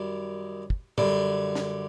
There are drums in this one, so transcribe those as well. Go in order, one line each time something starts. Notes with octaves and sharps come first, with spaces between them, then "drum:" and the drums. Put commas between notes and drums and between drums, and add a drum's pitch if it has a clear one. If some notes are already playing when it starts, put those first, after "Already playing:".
Already playing: F#2 D#3 G3
drum: kick
F#2 D3 G3, drum: tom
drum: snare